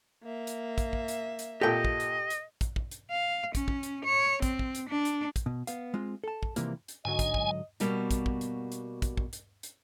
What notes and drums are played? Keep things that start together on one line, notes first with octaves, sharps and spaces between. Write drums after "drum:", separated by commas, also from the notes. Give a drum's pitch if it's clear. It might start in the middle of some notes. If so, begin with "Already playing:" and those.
A#3 E5
drum: hi-hat
drum: kick, hi-hat
drum: kick
drum: hi-hat
drum: hi-hat
A#2 G4 A4 D#5 G5
drum: kick
drum: hi-hat
drum: hi-hat
drum: kick, hi-hat
drum: kick
drum: hi-hat
F5
C#4, drum: kick, hi-hat
drum: kick
drum: hi-hat
C#5
C4, drum: kick, hi-hat
drum: kick
drum: hi-hat
D4
drum: hi-hat
drum: kick, hi-hat
B2
B3 F5, drum: hi-hat
G#3 C4 F4
A4 A5
drum: kick
C3 E3 F3 G3 A#3, drum: hi-hat
drum: hi-hat
G#2 D3 F#3 D#5 G#5
drum: kick, hi-hat
drum: kick
B2 G3 A#3 F#4, drum: hi-hat
drum: kick, hi-hat
drum: kick
drum: hi-hat
drum: hi-hat
drum: kick, hi-hat
drum: kick
drum: hi-hat
drum: hi-hat